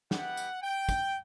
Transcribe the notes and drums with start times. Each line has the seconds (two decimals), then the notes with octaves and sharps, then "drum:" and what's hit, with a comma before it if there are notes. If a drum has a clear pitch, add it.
0.11 B3 E4 G4 F#5, drum: snare
0.37 drum: tambourine
0.63 G5
0.89 drum: kick, tambourine